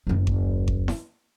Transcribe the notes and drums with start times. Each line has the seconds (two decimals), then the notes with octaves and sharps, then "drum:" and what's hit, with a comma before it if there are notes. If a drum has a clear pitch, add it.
0.07 F#1 D#2
0.27 drum: kick G#1
0.68 drum: kick G#1
0.88 drum: snare E4